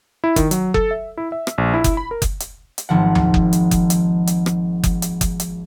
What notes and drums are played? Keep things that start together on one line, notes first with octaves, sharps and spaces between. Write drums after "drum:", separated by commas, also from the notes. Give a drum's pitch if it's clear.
E4
D#3, drum: kick F#1, hi-hat
F#3, drum: hi-hat
A4, drum: kick F#1
E5
E4
E5
drum: rim click
A#1
E4
drum: kick F#1, hi-hat
B5
A#4
drum: kick F#1, hi-hat
drum: hi-hat
drum: hi-hat
G#1 F3 F#5
drum: tom D2
drum: kick F#1
drum: hi-hat
drum: kick F#1, hi-hat
drum: hi-hat
drum: hi-hat
drum: rim click
drum: kick F#1, hi-hat
drum: hi-hat
drum: kick F#1, hi-hat
drum: hi-hat